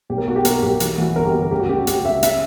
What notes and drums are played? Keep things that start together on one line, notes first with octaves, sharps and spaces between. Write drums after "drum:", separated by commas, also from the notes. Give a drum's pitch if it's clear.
B1 G4
A#4
B1 F#4
G4
B2 A#4, drum: hi-hat
B1 G4
E3 F#4, drum: hi-hat
E3 F#4
G1 A#4
G4
G1
A#4
C#2 G4
F#4
C#3 G4
F#4
C#3 G4, drum: hi-hat
C#2 E5
C#3 E5, drum: hi-hat